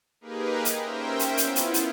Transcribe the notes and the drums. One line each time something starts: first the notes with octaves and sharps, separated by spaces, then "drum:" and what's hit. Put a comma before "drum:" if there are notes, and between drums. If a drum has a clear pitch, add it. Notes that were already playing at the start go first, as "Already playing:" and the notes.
A#3 D#4 G4 G#4 A#4 B4
drum: hi-hat
C#4 A#4 C5 E5 G5
drum: hi-hat
B3 E4 F4, drum: hi-hat
drum: hi-hat
drum: hi-hat